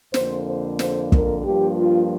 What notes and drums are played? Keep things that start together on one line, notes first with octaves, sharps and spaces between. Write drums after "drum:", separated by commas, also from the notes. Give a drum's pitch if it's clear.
F2 D3 A#3 C5, drum: snare
C5
C5, drum: snare
A#4, drum: kick
G2 F3 A#3 G4
F4